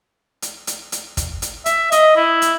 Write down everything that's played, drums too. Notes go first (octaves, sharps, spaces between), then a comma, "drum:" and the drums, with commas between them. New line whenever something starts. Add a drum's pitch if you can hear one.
drum: hi-hat
drum: hi-hat
drum: hi-hat
drum: kick, hi-hat
drum: hi-hat
E5, drum: hi-hat
D#5, drum: hi-hat
E4
drum: hi-hat